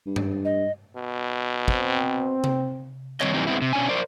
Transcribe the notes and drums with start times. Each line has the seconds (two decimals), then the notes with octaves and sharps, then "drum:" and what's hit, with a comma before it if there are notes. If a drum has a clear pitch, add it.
0.06 G2
0.16 drum: tom G2
0.45 D#5
0.96 B2
1.68 C4, drum: kick
2.44 drum: tom C3
3.21 D#3 G3 C4 C#5 D#5, drum: clap
3.34 E3 G3 C4 D#4
3.47 G#3 B3 C4 E4
3.62 C3
3.73 B2 C#4 D4 G#5
3.89 A#4 C5 D5